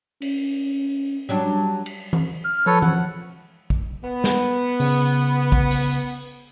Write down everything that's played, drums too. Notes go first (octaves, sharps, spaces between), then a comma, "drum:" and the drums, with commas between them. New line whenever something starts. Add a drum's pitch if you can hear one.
C#4, drum: cymbal
F#3 G3 D4
drum: cymbal
drum: tom E3
F6
F3 A4 B4 C#5
F#5, drum: tom E3
drum: kick
B3
drum: snare
C#3, drum: open hi-hat
drum: kick
drum: open hi-hat